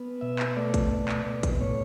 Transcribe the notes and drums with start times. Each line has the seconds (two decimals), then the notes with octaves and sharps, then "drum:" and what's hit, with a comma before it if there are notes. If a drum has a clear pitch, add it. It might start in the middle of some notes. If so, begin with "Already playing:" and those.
Already playing: B3
0.21 B2 E5
0.39 drum: clap
0.57 A3 D5
0.74 drum: kick A1, hi-hat
0.92 B2
1.09 drum: clap
1.26 B2
1.43 drum: kick A1, hi-hat
1.61 A2 C#5